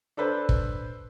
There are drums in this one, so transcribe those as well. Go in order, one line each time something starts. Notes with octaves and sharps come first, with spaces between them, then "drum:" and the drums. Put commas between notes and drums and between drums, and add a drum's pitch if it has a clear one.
D4 A4 B4 C5
drum: kick